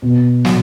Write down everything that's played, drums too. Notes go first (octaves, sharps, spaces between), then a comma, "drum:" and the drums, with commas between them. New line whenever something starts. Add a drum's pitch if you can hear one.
B2
F#3, drum: snare